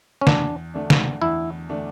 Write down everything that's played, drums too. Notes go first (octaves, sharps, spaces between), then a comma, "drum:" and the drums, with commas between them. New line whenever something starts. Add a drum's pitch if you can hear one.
C#4
E2 D4, drum: snare
D3 A3 D4
drum: snare
E2 E4
D3 A3 D4